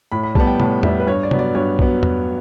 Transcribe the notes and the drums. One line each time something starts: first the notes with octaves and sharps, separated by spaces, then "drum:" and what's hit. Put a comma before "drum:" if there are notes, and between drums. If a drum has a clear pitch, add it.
A2 B5
B5
G3 B3 A5, drum: kick B1
G5
A2 A5, drum: tom C3
G3 B3 E5, drum: tom E2
B4
G2 C#5
D5
F#3 B3, drum: tom C3
D5
G2 C#5
F#3 B3, drum: kick B1
drum: tom E2